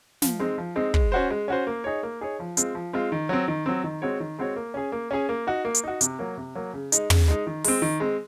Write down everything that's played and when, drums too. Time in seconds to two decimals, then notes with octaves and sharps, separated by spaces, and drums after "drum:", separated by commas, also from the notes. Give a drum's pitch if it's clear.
0.22 F3, drum: snare
0.40 G#3 C4 D#4
0.58 F3
0.76 G#3 C4 D#4
0.94 G#3, drum: kick
1.12 C#4 F#4 C5
1.30 G#3
1.48 C#4 F#4 C5
1.67 A#3
1.84 D#4 G#4 C#5
2.03 A#3
2.21 D#4 G#4 C#5
2.40 F3
2.57 G#3 C4 F4, drum: hi-hat
2.75 F3
2.93 G#3 C4 F4
3.12 D#3
3.29 F#3 C4
3.48 D#3
3.66 F#3 C4
3.84 D#3
4.02 G#3 C4 F#4 C#5
4.20 D#3
4.39 G#3 C4 F#4 C#5
4.56 A#3
4.74 C#4 G#4
4.92 A#3
5.11 C#4 G#4
5.29 A#3
5.47 D#4 F#4
5.65 A#3
5.74 drum: hi-hat
5.84 D#4 F#4
6.01 C3, drum: hi-hat
6.19 F#3 A#3
6.37 C3
6.55 F#3 A#3
6.73 C#3
6.92 G#3 D#4, drum: hi-hat
7.10 C#3, drum: tom
7.28 G#3 D#4
7.47 D#3
7.64 G#3 C4, drum: open hi-hat
7.82 D#3
8.00 G#3 C4